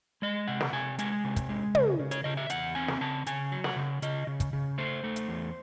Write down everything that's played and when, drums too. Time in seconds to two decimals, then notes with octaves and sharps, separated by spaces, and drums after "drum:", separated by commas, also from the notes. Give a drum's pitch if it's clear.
0.22 G#3 D#5
0.47 C3 F#5
0.61 drum: snare
0.73 C3 G#5
0.99 G#3 G#5, drum: hi-hat
1.24 C3
1.36 drum: kick, hi-hat
1.49 G#3
1.75 C#3, drum: tom
1.99 C#3
2.11 C#5, drum: hi-hat
2.24 C#3 D#5
2.37 E5
2.50 E2 F#5, drum: hi-hat
2.75 C4 G#5
2.88 drum: snare
3.01 C#3 A5
3.26 C#3 G#5, drum: hi-hat
3.52 F#3
3.64 F#5, drum: snare
3.76 C#3
4.02 C#3 D#5, drum: hi-hat
4.27 C#3
4.40 drum: kick, hi-hat
4.53 C#3
4.78 A3 C5
5.03 A3
5.16 drum: hi-hat
5.28 E2